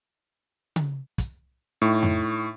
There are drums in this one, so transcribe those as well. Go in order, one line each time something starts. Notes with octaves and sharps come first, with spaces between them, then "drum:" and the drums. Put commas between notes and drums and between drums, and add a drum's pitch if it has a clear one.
drum: tom C#3
drum: kick, hi-hat
A2 D#4 C#6
drum: tom F2